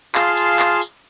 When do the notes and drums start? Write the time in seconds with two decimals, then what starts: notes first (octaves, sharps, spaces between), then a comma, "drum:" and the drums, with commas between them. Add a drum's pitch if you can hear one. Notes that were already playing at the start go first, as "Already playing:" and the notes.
0.15 F4 G#4 F5 A5 C6, drum: clap
0.37 drum: tambourine
0.59 drum: clap
0.82 drum: tambourine